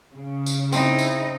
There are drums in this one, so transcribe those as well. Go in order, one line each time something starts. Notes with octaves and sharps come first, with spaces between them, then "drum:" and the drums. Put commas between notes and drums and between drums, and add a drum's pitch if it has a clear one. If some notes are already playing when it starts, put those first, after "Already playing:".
C#3
drum: tambourine
C4 D#4 E4, drum: tambourine
drum: tambourine